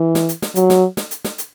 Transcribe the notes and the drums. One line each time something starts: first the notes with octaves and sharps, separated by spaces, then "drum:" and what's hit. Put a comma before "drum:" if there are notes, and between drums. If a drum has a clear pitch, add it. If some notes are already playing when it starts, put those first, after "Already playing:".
Already playing: E3
drum: snare
drum: hi-hat
drum: snare
F#3, drum: hi-hat
drum: snare
drum: snare
drum: hi-hat
drum: snare
drum: hi-hat